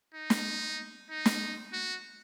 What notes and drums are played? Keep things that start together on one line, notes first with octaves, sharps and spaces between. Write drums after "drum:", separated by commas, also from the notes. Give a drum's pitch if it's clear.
D#4
drum: snare
D#4
drum: snare
F#4